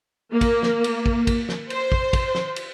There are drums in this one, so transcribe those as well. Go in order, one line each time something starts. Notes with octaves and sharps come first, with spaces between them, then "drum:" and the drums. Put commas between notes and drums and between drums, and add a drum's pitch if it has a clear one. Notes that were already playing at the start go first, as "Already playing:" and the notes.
A#3
drum: kick, cymbal
drum: snare
drum: cymbal
drum: kick
drum: kick, cymbal
drum: snare
C5, drum: cymbal
drum: kick
drum: kick, cymbal
drum: snare
drum: cymbal